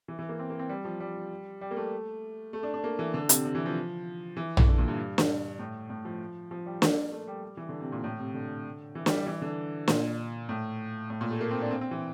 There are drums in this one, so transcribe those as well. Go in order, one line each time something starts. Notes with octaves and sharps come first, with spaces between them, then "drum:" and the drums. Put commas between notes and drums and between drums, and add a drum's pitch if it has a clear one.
E3
E3
A#3
C4
A#3
C4
G3
F3
G3
G3
A#3
A3
A3
D4
D4
A#3
E3
D3
C3, drum: hi-hat
C3
E3
F3
E3
drum: tom A#1
D3
A#2
G2
drum: snare
A2
A2
F3
F3
G3
A#3, drum: snare
A#3
A3
G3
G3
E3
D3
C3
A#2
A2
C3
D3
E3
G3, drum: snare
G3
E3
D3
A#2, drum: snare
A2
A2
A#2
A3
A#3
C4
D4
C4
C4
E3